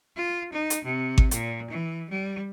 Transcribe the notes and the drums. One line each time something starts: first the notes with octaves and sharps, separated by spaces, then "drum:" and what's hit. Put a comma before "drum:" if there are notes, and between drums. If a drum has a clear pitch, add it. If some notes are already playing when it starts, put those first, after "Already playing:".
F4
D#4
drum: hi-hat
C3
drum: kick G#1
A#2, drum: hi-hat
E3
G3